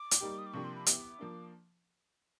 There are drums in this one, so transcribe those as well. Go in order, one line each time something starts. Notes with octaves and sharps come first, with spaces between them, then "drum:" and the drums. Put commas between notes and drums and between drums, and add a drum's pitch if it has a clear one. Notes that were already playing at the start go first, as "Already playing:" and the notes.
Already playing: D6
drum: hi-hat
G3 A#3 D#4 G4
D#6
D6
C3 F3 A#3 D4 G4 C#6
C6
B5
B3 E4 G4 D6 D#6, drum: hi-hat
F3 A#3 D4